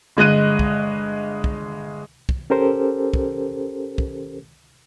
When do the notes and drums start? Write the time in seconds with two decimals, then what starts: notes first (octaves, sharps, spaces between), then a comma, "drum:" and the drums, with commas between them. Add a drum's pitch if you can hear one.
0.17 G1 G#3 D#5 F#6 D#7
0.59 drum: kick
1.44 drum: kick
2.29 drum: kick
2.50 C#4 G4 A4 A#4 C5
3.13 drum: kick
3.98 drum: kick